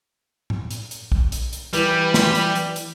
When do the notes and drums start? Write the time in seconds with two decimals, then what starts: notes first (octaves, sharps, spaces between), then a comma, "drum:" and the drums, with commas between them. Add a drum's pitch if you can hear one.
0.50 drum: tom A2
0.71 drum: hi-hat
0.91 drum: hi-hat
1.12 drum: kick A#1
1.32 drum: hi-hat
1.53 drum: hi-hat
1.73 E3 G3 B4, drum: hi-hat
2.14 drum: snare
2.35 drum: hi-hat
2.55 drum: hi-hat
2.76 drum: hi-hat